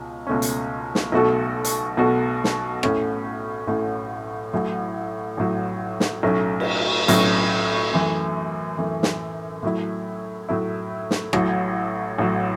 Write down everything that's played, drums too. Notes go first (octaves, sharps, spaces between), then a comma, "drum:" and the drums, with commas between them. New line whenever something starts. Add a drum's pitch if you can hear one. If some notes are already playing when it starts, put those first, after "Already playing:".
Already playing: C#2 B2 C#4
C#2 B2 A3 C#4
drum: hi-hat
drum: snare
B1 B2 A3 F#4 A4
drum: hi-hat
B1 B2 A3 F#4 A4
drum: snare
A1 A2 A3 C#4, drum: rim click
A1 A2 A3 C#4
A1 A2 F#3
A1 A2 F#3
drum: snare
B1 A2 F#3 A3 C#4
drum: cymbal
B1 A2 F#3 A3 C#4, drum: hi-hat
F#2 E3 A3
F#2 E3 A3
drum: snare
A2 F#3 A3 E4
A2 F#3 A3 E4
drum: snare
A1 A2 F#3, drum: rim click
A1 A2 F#3